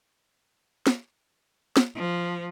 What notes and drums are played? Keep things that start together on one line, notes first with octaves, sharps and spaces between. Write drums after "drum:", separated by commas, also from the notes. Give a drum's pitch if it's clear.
drum: snare
drum: snare
F3